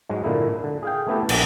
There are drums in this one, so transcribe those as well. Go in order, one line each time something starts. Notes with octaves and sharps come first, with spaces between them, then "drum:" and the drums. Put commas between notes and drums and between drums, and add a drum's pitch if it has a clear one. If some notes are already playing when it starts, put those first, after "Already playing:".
G#2 F#3 G#3
A#2 D3 A#3 E4
D3
G#4 F5 G5
A3 B3 C#4 E4 G4 A4
A#1 A#2 C#4 D4 F#5 G#5, drum: cymbal